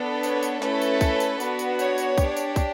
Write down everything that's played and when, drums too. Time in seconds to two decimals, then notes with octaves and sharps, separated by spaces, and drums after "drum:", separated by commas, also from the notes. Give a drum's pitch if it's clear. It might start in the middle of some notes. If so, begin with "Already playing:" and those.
Already playing: B3 D4 A4
0.23 C#5, drum: tambourine
0.43 drum: tambourine
0.62 A3 C#4 E4 A4 B4, drum: snare
0.81 drum: tambourine
1.01 drum: kick, tambourine
1.20 drum: tambourine
1.40 B3 D4 F#4, drum: tambourine
1.59 drum: tambourine
1.79 C#5, drum: tambourine
1.98 drum: tambourine
2.18 D4 G4, drum: kick, tambourine
2.37 drum: tambourine
2.56 drum: kick, tambourine